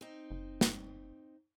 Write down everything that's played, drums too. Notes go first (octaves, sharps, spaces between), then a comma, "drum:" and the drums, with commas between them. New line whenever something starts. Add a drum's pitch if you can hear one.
C4 D#4
F#1
drum: snare